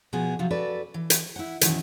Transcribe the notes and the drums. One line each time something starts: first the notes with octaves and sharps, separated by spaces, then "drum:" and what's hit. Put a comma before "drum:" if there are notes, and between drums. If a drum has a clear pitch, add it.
B2 F3 B3 G#4
C3 F3 F#3
F#4 A4 B4 D5
E3
drum: hi-hat
E4 F#5
F#2 B2 D#3 E3, drum: hi-hat